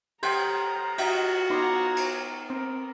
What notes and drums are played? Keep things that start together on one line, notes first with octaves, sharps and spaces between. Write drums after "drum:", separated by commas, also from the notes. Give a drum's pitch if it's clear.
G4 C5 F#5 G5 A#5, drum: cymbal
D#4 F4 F#4, drum: cymbal
B3 D#4 C#5 A#5 C6 D6
drum: cymbal
C4 A#4